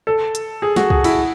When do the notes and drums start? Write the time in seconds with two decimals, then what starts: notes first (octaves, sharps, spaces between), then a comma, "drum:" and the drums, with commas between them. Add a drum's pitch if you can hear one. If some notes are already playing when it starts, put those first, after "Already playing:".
0.07 A4
0.35 drum: hi-hat
0.62 G#4
0.76 F#4, drum: snare
0.90 G#4, drum: kick
1.04 E4, drum: cymbal